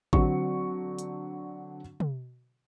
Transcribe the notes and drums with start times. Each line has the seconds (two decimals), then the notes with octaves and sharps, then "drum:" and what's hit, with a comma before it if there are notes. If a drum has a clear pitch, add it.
0.13 D3 F#3 C4 D4 C#6, drum: kick A1
0.98 drum: hi-hat
2.00 drum: tom